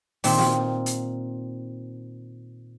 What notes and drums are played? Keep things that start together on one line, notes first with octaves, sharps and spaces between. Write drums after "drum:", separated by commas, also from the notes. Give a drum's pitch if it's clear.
A#2 D#3 C4, drum: open hi-hat
drum: snare
drum: hi-hat